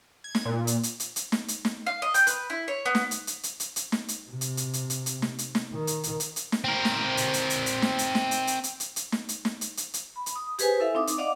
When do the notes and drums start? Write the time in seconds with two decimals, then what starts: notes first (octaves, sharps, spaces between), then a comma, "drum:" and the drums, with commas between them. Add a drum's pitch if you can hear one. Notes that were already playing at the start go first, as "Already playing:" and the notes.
0.24 G#6
0.35 drum: snare
0.45 A#2
0.67 drum: hi-hat
0.83 drum: hi-hat
1.00 drum: hi-hat
1.16 drum: hi-hat
1.32 drum: snare
1.48 drum: hi-hat
1.65 drum: snare
1.86 F5
2.02 D#5
2.14 G5, drum: hi-hat
2.27 B4, drum: hi-hat
2.50 E4
2.68 C#5
2.86 B3
2.95 drum: snare
3.11 drum: hi-hat
3.27 drum: hi-hat
3.43 drum: hi-hat
3.60 drum: hi-hat
3.76 drum: hi-hat
3.92 drum: snare
4.08 drum: hi-hat
4.30 C3
4.41 drum: hi-hat
4.57 drum: hi-hat
4.73 drum: hi-hat
4.90 drum: hi-hat
5.06 drum: hi-hat
5.22 drum: snare
5.38 drum: hi-hat
5.55 drum: snare
5.73 D#3
5.87 drum: hi-hat
6.03 drum: hi-hat
6.20 drum: hi-hat
6.36 drum: hi-hat
6.52 drum: snare
6.64 C4 A#4
6.85 drum: snare
7.17 drum: hi-hat
7.34 drum: hi-hat
7.50 drum: hi-hat
7.66 drum: hi-hat
7.82 drum: snare
7.99 drum: hi-hat
8.15 drum: snare
8.31 drum: hi-hat
8.47 drum: hi-hat
8.64 drum: hi-hat
8.80 drum: hi-hat
8.96 drum: hi-hat
9.12 drum: snare
9.29 drum: hi-hat
9.45 drum: snare
9.61 drum: hi-hat
9.77 drum: hi-hat
9.94 drum: hi-hat
10.16 B5
10.26 drum: hi-hat
10.36 D#6
10.59 G4 G#4 B4 C5 G#5, drum: hi-hat
10.80 E4 A4 E5 F5
10.95 C4 D#4 D6 D#6
11.07 drum: hi-hat
11.18 D5 D#5 F5 F#5 D6